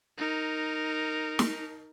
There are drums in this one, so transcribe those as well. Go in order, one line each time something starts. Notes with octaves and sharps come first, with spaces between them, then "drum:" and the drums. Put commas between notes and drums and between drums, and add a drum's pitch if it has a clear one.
D#4 A#4
drum: snare